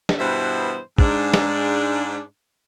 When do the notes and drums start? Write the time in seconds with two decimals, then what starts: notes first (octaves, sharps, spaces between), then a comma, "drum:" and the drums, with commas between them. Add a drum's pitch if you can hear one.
0.09 drum: snare
0.19 G2 B2 E3 B3 C5 E5
0.98 G#2 D4, drum: kick
1.34 drum: snare